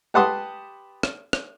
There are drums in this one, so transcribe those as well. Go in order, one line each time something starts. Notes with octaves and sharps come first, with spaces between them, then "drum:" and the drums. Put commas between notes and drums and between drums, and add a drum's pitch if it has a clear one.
G4 B4 F#5 A5 C6 D#6
drum: rim click
drum: rim click